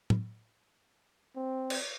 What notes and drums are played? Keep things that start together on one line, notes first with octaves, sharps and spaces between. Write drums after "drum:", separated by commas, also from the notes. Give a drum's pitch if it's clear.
drum: tom
C4
drum: cymbal